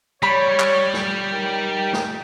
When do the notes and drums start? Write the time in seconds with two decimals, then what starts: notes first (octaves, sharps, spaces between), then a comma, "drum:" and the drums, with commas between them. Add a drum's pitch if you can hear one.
0.23 G3 C#5 B5
0.60 drum: clap
0.94 drum: snare
1.31 D#4 A#4 G5
1.93 drum: snare